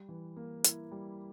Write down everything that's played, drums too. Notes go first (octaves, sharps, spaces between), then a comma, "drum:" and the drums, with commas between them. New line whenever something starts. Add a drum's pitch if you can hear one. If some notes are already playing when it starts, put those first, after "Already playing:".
Already playing: G3
E3
A#3
E4, drum: hi-hat
G3